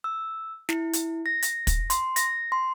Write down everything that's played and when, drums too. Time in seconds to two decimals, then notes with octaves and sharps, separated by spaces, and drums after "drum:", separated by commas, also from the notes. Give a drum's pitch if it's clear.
0.04 E6
0.69 E4, drum: snare
0.93 drum: hi-hat
1.26 A#6
1.42 drum: hi-hat
1.67 drum: kick, hi-hat
1.90 C6, drum: hi-hat
2.16 A#6, drum: hi-hat
2.52 C6